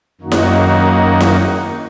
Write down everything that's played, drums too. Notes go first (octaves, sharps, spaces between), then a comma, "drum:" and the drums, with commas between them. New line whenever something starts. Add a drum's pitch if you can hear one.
F#2 D#3 A#3 D#4 F#4
drum: snare E4
drum: snare E4